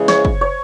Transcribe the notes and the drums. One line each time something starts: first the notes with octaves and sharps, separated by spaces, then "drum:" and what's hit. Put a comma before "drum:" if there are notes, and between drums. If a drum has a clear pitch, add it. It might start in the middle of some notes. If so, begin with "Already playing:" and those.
Already playing: C#3 E3 G#3
C#5, drum: snare
drum: kick
C#5